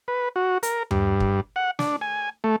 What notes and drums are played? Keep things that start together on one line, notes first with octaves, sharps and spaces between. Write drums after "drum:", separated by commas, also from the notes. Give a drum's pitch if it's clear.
B4
F#4
A#4, drum: hi-hat
G2, drum: tom D#2
drum: kick
F#5
D4, drum: snare
G#5
A3